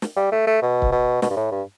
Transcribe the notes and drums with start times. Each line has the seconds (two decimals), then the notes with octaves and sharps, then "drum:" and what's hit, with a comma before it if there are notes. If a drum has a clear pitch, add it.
0.02 drum: snare
0.17 G3
0.32 A3
0.47 A3
0.62 B2
0.82 drum: kick
0.92 B2
1.22 B2, drum: snare
1.30 G2
1.37 A2
1.51 G2